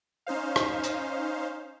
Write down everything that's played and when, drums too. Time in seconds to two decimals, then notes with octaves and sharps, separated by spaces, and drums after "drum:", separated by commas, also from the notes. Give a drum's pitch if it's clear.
0.27 C#4 D#4 C5 F5
0.56 drum: rim click
0.84 drum: hi-hat